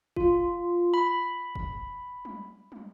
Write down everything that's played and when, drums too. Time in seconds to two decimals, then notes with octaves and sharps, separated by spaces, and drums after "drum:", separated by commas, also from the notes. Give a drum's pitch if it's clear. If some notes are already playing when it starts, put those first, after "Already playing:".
0.16 F4, drum: kick F1
0.94 B5
1.55 drum: kick F1
2.25 drum: tom
2.72 drum: tom